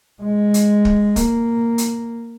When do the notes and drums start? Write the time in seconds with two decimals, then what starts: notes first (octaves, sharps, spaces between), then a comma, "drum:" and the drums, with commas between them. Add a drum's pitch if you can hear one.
0.22 G#3
0.54 drum: hi-hat
0.85 drum: kick
1.16 A#3, drum: kick, hi-hat
1.78 drum: hi-hat